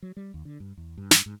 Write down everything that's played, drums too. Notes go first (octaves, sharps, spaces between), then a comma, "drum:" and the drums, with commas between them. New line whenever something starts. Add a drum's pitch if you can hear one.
F#3
G3
D#2
D3
G2
E2
G2
drum: snare
G#2